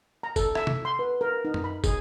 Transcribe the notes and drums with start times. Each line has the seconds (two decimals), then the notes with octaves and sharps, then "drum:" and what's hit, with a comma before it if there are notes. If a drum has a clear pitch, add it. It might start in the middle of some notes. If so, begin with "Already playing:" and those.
0.23 A#5
0.36 A4, drum: kick, tambourine
0.55 E5, drum: rim click
0.67 drum: tom
0.85 C6
0.99 B4
1.21 A#4
1.45 D#4
1.54 drum: tom F#2
1.64 B5
1.84 G#4, drum: kick, tambourine